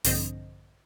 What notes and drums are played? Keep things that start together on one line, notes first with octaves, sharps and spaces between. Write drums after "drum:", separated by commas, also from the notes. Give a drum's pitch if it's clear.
A#1 G2 D3 C4 C5 D#5, drum: open hi-hat